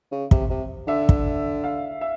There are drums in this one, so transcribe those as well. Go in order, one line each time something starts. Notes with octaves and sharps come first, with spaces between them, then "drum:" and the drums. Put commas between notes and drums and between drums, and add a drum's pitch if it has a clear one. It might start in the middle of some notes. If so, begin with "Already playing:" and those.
C#3
C3, drum: kick
C3
D3 E5
drum: kick
F5
E5